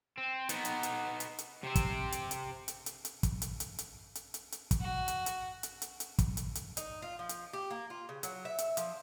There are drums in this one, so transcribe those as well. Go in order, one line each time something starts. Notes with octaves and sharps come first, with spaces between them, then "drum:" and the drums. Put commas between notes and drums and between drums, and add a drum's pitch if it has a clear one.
C4
B3 D#4, drum: hi-hat
drum: hi-hat
drum: hi-hat
drum: hi-hat
drum: hi-hat
C3 C4
drum: kick, hi-hat
drum: hi-hat
drum: hi-hat
drum: hi-hat
drum: hi-hat
drum: hi-hat
drum: kick, hi-hat
drum: hi-hat
drum: hi-hat
drum: hi-hat
drum: hi-hat
drum: hi-hat
drum: hi-hat
drum: kick, hi-hat
F#4
drum: hi-hat
drum: hi-hat
drum: hi-hat
drum: hi-hat
drum: hi-hat
drum: kick, hi-hat
drum: hi-hat
drum: hi-hat
D#4, drum: hi-hat
F4
F3
drum: hi-hat
G4
A#3
F4
C#3
F#3, drum: hi-hat
E5
drum: hi-hat
F3, drum: hi-hat